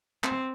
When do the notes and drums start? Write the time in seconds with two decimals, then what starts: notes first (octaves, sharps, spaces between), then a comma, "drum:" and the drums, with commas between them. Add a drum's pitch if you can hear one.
0.24 C4, drum: clap